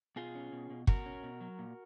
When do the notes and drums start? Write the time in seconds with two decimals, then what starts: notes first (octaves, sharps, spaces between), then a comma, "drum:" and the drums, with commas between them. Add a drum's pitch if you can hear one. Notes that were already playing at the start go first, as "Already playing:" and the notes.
0.16 B2 F4 G#4
0.35 C#4
0.52 B2
0.70 B2
0.87 B2 F#4 A#4, drum: kick
1.06 C#4
1.23 B2
1.41 F#3
1.59 A#2